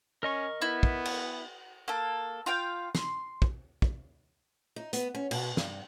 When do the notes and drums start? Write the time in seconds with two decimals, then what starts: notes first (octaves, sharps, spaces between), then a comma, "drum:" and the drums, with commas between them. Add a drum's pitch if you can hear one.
0.23 C#4 A#4 D#5 C#6
0.62 B3 E4
0.83 drum: kick
1.05 drum: cymbal
1.88 A#3 A4
2.46 F4 F5 G5
2.95 C6, drum: snare
3.42 drum: kick
3.82 drum: kick
4.76 D#4
4.93 B3, drum: hi-hat
5.15 C#4
5.31 B2, drum: cymbal
5.57 G2, drum: snare